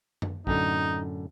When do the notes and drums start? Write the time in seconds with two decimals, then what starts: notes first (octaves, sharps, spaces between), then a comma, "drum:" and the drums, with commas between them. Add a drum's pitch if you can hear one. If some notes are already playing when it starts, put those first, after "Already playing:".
0.22 drum: tom F#2
0.47 F#2 A2 D3 D#4, drum: kick